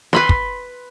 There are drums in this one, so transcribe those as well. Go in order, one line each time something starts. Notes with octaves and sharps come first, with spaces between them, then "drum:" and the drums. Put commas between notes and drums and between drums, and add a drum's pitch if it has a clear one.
B4 B5 C6, drum: snare
drum: kick